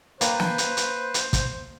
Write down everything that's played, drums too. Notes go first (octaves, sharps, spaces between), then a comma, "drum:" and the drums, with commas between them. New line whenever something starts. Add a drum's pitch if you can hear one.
A#3 B4 C5 D5 G5, drum: hi-hat
drum: snare
drum: hi-hat
drum: hi-hat
drum: hi-hat
drum: kick, hi-hat